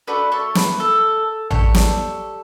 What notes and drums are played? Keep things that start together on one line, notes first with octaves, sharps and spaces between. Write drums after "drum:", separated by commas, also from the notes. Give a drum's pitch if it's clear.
A3 D4 F#4 A4 B4 D5
A4 C#5
B4, drum: snare
A4
D4 G4 A4 C#5, drum: tom A1
drum: snare